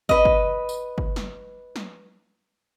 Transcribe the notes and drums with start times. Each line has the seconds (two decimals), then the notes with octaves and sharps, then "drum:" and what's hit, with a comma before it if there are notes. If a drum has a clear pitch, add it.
0.09 B4 D#5, drum: kick
0.25 drum: kick
0.69 drum: tambourine
0.98 drum: kick
1.16 drum: snare
1.76 drum: snare